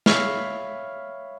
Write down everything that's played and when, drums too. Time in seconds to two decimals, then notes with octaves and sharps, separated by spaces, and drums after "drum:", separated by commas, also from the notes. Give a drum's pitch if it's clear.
0.06 C#5 E5 F5 B5 F6, drum: snare